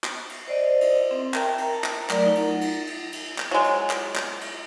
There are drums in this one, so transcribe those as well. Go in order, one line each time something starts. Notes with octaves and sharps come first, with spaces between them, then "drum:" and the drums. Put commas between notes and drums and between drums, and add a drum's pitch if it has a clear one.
drum: clap
drum: cymbal
C5 D5 D#5
drum: cymbal
C4
A#4 E5 G5 A5 A#5, drum: clap
drum: cymbal
A5 A#5
drum: clap
F#3 A3 A#4 D5 A#5, drum: clap
D#4 F#5
drum: cymbal
drum: cymbal
drum: cymbal
drum: cymbal
drum: clap
F#3 G#3
drum: cymbal
drum: clap
drum: clap
drum: cymbal